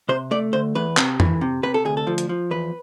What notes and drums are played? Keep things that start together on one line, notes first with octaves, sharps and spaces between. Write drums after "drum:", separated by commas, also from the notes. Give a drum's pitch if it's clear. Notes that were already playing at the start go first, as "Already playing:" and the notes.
C3 C5
A3 D5
D2 C5
E2 B4
C3, drum: clap
E3, drum: tom F2
C3
C3 B4
A4
D2 G#4
A4
F3
drum: hi-hat
F3
E2 B4